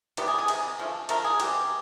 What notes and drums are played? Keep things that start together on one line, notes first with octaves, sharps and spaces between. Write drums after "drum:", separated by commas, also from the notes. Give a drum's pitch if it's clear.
C3 D#3 G3 B3 G4, drum: cymbal
G#4
G#4
C3 D#3 B3, drum: cymbal
D3 F3 A3
D3 F3 A3 A#4, drum: cymbal
G#4
B2 G3 C4 G4, drum: cymbal